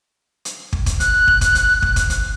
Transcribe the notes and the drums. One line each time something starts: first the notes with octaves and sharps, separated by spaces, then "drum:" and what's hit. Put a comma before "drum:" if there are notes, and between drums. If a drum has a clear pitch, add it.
drum: hi-hat
drum: kick
drum: kick, hi-hat
F#6, drum: hi-hat
drum: kick
drum: kick, hi-hat
drum: hi-hat
drum: kick
drum: kick, hi-hat
drum: hi-hat